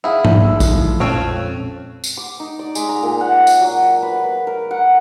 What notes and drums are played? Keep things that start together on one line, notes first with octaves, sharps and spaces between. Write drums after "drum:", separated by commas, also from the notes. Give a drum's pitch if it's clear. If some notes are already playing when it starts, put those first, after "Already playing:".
E4 G#4 F5 F#5 B5
drum: tom G#2
A1 G#2 E6
drum: kick, tambourine
A2 F3
F2 A#2 G#3 C#4 A4 C#5 F5 D7
drum: tambourine
D6
D#4
D5
G#3, drum: tambourine
A#5
A#2
F#5
drum: tambourine
F#3
B4
B4
A#4
F#5